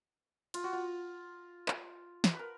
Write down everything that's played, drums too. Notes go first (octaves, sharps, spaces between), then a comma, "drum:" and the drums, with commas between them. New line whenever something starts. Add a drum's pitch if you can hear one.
F4, drum: cymbal
F#4
F4
drum: clap
drum: snare
B4
A#4